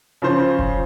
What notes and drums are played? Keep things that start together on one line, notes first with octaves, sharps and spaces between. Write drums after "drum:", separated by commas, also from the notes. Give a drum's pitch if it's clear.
C#3 F3 C5
drum: kick F1